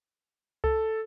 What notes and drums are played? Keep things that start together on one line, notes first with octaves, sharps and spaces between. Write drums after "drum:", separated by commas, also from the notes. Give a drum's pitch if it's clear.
A4, drum: kick C2